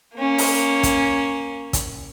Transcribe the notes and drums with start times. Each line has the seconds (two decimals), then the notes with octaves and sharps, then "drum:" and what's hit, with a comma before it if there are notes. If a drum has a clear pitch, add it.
0.16 A#3 C#4
0.38 drum: open hi-hat
0.83 drum: kick, hi-hat
1.73 drum: kick, hi-hat